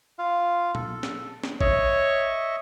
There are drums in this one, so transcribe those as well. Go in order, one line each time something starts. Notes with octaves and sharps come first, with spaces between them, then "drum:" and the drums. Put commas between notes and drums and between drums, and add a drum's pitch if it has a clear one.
F4 F5
A4, drum: tom A#2
drum: snare
drum: snare
C#5 D#5 E5 C#6, drum: kick